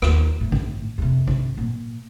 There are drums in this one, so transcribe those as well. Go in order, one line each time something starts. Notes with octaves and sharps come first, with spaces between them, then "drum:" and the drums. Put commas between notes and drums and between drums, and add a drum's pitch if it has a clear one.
D#2, drum: rim click
A2
drum: kick A1
F2 C3
drum: kick A1
A#2